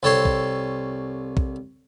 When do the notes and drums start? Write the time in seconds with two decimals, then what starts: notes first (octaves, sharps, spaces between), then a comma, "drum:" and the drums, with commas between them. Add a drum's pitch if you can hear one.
0.03 C2 A4 C#5 C6
0.25 drum: kick
1.37 drum: kick